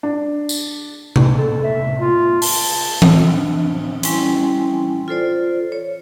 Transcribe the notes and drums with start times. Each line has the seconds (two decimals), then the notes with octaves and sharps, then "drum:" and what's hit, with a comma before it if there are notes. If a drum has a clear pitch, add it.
0.03 D4
0.49 drum: tambourine
1.16 drum: tom C3
1.38 A4
1.64 E5
2.00 F4
2.42 A5, drum: open hi-hat
3.02 C4, drum: tom E3
3.24 D4
4.03 G3 C#4 E4 G#5 C6, drum: hi-hat
5.08 F4 A4 C5 D5
5.72 C#5